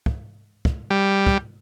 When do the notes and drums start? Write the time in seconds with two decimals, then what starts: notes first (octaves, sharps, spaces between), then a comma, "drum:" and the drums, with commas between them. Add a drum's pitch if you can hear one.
0.06 drum: kick
0.65 drum: kick
0.90 G3
1.27 drum: kick